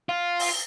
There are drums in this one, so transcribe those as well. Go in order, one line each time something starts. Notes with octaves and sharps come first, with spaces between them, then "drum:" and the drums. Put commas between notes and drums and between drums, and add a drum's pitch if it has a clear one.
F4
drum: open hi-hat